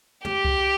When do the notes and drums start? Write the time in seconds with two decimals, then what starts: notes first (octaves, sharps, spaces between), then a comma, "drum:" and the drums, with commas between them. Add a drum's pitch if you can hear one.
0.25 G4, drum: tom
0.45 drum: kick C2